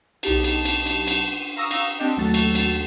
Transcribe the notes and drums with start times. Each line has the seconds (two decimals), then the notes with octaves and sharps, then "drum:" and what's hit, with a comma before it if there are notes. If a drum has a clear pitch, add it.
0.23 B1 D#4 G4 A5, drum: cymbal
0.44 drum: cymbal
0.65 drum: cymbal
0.86 drum: cymbal
1.07 drum: cymbal
1.32 D#7
1.56 F5 A#5 C#6 D#6 E6 A#6
1.71 drum: cymbal
1.98 C4 D4 G4 D#5 G5
2.17 D#2 F#3 A3 F#4 A4 A6
2.34 drum: cymbal
2.55 drum: cymbal